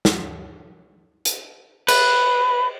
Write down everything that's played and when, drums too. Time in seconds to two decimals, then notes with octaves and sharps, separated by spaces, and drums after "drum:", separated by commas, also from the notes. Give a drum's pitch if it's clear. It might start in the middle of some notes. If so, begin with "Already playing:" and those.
0.05 drum: snare
1.25 drum: hi-hat
1.88 B4, drum: cymbal